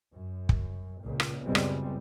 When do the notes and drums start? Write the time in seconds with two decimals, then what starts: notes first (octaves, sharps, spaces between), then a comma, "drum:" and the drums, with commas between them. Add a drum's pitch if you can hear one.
0.14 F#2
0.49 drum: kick
1.01 C#2 A#2
1.20 drum: rim click
1.44 C#2 F#2 G3 G#3 B3 C4
1.55 drum: rim click